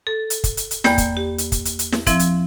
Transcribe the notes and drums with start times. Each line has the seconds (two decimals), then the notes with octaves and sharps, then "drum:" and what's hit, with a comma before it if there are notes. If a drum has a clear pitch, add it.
0.07 A4
0.30 drum: hi-hat
0.44 drum: kick, hi-hat
0.57 drum: hi-hat
0.71 drum: hi-hat
0.84 E2 A#3 D5 G5 B5, drum: snare
0.98 drum: kick, hi-hat
1.17 G4
1.38 drum: hi-hat
1.52 drum: kick, hi-hat
1.65 drum: hi-hat
1.79 drum: hi-hat
1.92 drum: snare
2.07 F3 C4 E4 E5, drum: kick, hi-hat
2.19 drum: hi-hat